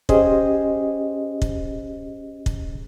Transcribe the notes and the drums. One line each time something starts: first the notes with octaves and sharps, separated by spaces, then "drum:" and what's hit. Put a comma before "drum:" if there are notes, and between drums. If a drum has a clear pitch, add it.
C#4 G4 G#4 C5 D#5, drum: kick
drum: kick
drum: kick